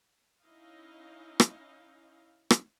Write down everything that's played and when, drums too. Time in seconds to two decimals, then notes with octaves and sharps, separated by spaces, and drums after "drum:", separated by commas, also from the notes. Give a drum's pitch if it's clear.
0.43 C#4 D#4 E4 D#5 F5
1.40 drum: rim click
2.50 drum: rim click